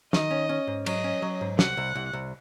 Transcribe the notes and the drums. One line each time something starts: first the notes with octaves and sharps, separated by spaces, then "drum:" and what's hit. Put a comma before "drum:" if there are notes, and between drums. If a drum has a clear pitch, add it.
D#3 D#5, drum: snare
C#4
C#4
G#2
F#3 D#5, drum: cymbal
C#4
F#3
G#2
C2 F#5, drum: snare
C2
C2
C2